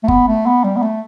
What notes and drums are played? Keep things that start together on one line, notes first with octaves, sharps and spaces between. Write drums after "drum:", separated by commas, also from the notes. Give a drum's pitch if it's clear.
A3
B3, drum: kick F#1
A3
B3
G3
B3
A3